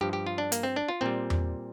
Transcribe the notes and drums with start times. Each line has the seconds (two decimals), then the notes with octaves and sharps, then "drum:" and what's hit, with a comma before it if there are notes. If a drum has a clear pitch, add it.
0.01 G2 F3 G4
0.13 G4
0.27 F4
0.38 D4
0.52 A#3, drum: hi-hat
0.63 C4
0.76 D4
0.89 F4
1.01 A#2 G3 C4
1.30 drum: tom E2